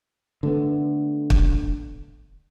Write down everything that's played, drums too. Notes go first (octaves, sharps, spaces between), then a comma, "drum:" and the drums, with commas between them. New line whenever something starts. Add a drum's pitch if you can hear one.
D3 A3 B3
drum: kick